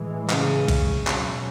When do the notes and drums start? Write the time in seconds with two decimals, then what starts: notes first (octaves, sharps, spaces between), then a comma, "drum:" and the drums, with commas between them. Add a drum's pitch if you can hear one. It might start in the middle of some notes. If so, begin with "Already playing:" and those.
Already playing: A2 E3 G#3
0.30 C#3, drum: clap
0.68 drum: kick A#1, cymbal
1.07 B2 F#3 C#4, drum: clap